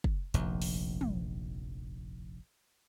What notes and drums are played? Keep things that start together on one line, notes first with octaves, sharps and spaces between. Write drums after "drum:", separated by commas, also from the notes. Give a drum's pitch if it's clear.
drum: kick
F1 A#1 D#2, drum: hi-hat
drum: open hi-hat
drum: tom